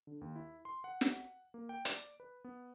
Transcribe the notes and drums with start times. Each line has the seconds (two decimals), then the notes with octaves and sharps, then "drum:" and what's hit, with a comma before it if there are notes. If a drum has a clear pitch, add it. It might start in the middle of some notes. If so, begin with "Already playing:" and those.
0.07 D3
0.21 D#2
0.36 E4
0.65 C6
0.84 F#5
1.01 drum: snare
1.54 A#3
1.69 G5
1.85 D5, drum: hi-hat
2.20 B4
2.44 B3